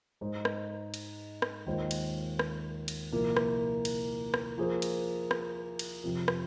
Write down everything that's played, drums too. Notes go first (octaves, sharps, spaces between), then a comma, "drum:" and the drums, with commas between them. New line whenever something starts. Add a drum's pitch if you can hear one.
G#2 G#3 D#4 C5
drum: rim click
drum: cymbal
drum: rim click
D#2 D#3 G#3 F4 C5
drum: cymbal
drum: rim click
drum: cymbal
C2 A#2 F3 A#3
drum: rim click
drum: cymbal
drum: rim click
F3 A#3 F4 G#4 C5
drum: cymbal
drum: rim click
drum: cymbal
F2 C3 F3
drum: rim click